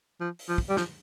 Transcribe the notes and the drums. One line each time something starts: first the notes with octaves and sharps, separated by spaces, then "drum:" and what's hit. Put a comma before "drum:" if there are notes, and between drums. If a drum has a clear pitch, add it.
F3
drum: open hi-hat
F3
drum: kick
G3
F3, drum: snare